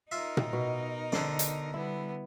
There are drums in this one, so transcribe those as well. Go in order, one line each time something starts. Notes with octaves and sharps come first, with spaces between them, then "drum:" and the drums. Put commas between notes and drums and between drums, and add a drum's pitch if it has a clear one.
D#4 F4 A#4 E5
drum: tom A#2
B2
D3 C5 D5, drum: snare
drum: hi-hat
G3 B3 E4